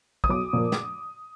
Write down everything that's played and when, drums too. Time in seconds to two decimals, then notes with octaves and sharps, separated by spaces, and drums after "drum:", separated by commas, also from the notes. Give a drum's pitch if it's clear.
0.24 D#6, drum: kick
0.29 B1 D6
0.53 A#2 F3 A#3
0.72 drum: snare